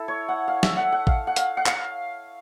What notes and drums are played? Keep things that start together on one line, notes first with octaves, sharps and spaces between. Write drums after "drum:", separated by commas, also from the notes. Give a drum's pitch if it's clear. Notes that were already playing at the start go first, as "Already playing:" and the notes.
Already playing: E4 A4
C#5
F#5
F5
E5, drum: snare
F#5
F#5
F5, drum: kick
F#5
F5, drum: hi-hat
F#5
F5, drum: clap